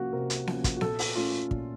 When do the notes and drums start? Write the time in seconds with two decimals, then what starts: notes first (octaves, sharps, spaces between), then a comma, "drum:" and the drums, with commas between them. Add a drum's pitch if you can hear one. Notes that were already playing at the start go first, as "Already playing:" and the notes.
Already playing: C3 F3 A#3 C#4 F#4
0.13 C3 A#4
0.30 drum: hi-hat
0.47 F3 A#3 C#4, drum: snare B3
0.64 drum: kick, hi-hat
0.77 F#4
0.81 A#2 A4, drum: snare B3
0.99 drum: open hi-hat
1.16 A3 C#4 F4
1.51 A#2, drum: kick